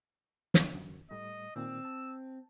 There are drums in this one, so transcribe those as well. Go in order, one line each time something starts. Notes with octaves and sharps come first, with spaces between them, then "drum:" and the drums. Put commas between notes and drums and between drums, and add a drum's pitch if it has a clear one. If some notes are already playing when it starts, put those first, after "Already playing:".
drum: snare
F#2 D3
A2 G3 A3 D#5
A#2 D#3 C4 D5 E6
A5